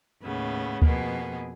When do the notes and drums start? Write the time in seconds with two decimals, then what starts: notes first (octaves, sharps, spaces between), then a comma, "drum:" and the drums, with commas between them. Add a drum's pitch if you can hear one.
0.22 D#2 A2 C#3 B3
0.82 F2 B2 A#3 B3 G#4, drum: kick D2